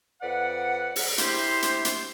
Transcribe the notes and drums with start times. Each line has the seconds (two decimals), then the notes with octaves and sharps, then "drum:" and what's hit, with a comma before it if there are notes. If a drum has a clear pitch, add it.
0.22 F2 B4 D5 F#5
0.96 drum: open hi-hat
1.18 E4 G4 C5, drum: hi-hat
1.62 drum: hi-hat
1.85 drum: hi-hat